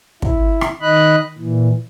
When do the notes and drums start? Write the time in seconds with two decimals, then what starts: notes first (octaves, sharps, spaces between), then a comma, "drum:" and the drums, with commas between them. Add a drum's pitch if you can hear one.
0.22 E4, drum: kick
0.61 drum: rim click
0.81 D#3 D#5 B5 F#6
1.38 A#2 E3